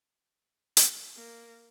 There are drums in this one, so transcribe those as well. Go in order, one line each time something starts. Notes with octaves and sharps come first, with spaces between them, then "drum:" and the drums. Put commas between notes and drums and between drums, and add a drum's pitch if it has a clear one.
drum: hi-hat
A#3